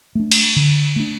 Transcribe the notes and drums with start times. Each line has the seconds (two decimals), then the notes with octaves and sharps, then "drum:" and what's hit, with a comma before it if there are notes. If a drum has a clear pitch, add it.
0.15 A3 D4
0.31 drum: cymbal
0.56 D3
0.96 A3 D4